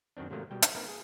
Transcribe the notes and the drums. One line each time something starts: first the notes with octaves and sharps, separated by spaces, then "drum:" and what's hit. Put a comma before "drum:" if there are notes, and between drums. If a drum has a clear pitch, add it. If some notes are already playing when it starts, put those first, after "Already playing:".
F#2 D#3 C4 D4
G#2 C3 D#3 F#3 A3 A#3
B2 G3 G5
C5 C#5 F#5 G5 A#5, drum: hi-hat
A#3 C4 D#4 A#4 B4 A5
G#4